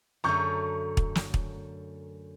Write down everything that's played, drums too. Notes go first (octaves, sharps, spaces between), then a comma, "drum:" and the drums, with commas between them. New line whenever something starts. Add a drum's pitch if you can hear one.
F#2 D3 A3 A#5 C#6 G6
drum: kick
drum: snare
drum: kick